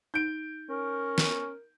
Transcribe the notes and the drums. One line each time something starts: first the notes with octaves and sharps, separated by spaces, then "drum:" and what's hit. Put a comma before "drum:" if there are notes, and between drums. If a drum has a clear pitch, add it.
D#4 G6 D7
C#4 A#4
drum: snare